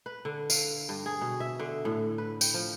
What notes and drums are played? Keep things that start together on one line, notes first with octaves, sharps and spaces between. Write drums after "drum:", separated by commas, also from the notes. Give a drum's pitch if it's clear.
B4
D3
F5, drum: tambourine
G2
G#4
B2
E5
D3
A2
B4
G5, drum: tambourine
F3